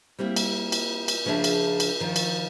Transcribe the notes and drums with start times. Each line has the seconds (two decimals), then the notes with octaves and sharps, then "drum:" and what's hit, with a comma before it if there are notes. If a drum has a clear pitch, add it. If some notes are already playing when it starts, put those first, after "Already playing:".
0.19 G3 A#3 C4 E4
0.36 drum: cymbal
0.72 drum: cymbal
1.08 drum: cymbal
1.25 C#3 F3 D4 G#4 E5 A5
1.44 drum: cymbal
1.80 drum: cymbal
2.00 D#3 F3
2.16 drum: cymbal